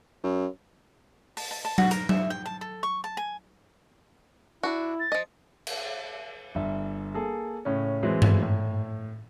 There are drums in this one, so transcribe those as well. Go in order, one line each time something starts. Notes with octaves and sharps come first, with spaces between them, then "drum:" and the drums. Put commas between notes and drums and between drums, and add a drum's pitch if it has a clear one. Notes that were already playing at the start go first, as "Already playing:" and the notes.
F#2
A5, drum: open hi-hat
A5
A5
F#4, drum: tom F#3
A#4, drum: hi-hat
E5, drum: tom F#3
G5
A5
A4
C#6
A5
G#5
D4 E4 F#4
A6
F3 D#5
drum: cymbal
G1 E5
A#3 G#4 A4
A2 C#3 C#4
E3 F#3 G#3 C4
drum: tom G2
A2